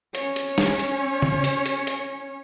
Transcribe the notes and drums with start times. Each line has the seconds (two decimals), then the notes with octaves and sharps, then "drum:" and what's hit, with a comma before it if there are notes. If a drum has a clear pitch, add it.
0.15 C#4 C#5, drum: hi-hat
0.36 drum: hi-hat
0.58 drum: snare
0.79 drum: hi-hat
1.22 drum: tom C#3
1.44 drum: hi-hat
1.66 drum: hi-hat
1.87 drum: hi-hat